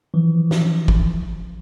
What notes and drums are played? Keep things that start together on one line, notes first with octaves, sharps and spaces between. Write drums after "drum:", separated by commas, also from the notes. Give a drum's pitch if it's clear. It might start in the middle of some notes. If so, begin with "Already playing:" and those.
E3 F3
drum: snare
drum: kick